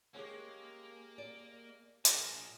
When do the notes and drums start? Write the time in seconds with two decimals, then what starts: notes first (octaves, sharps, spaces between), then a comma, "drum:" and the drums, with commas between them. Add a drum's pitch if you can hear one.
0.15 G#3 A#3 C#4 G4 C#5
1.18 D5
2.05 A#2 D4 G#4 A#4 C5, drum: hi-hat